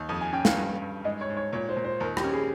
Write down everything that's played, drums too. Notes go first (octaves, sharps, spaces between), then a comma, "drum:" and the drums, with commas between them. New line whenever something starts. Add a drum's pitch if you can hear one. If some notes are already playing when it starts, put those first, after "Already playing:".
Already playing: D#2
F2 D#6
G#5
C#4 G5
F5, drum: snare
G2
G2
G#2 D#5
C#5
G#2
C#5
A#2 C#5
C5
A#2
C5
D#2 A#4
G4, drum: rim click
C#4
G#4